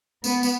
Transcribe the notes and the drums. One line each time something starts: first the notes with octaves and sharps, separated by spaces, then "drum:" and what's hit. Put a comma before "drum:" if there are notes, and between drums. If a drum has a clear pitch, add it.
B3, drum: tambourine
drum: tambourine